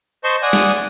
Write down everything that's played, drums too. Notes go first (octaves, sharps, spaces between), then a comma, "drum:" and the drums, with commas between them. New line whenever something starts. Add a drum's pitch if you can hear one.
C5 D#5 A5 C6 C#6
D5 F#5 G#5 D#6
drum: snare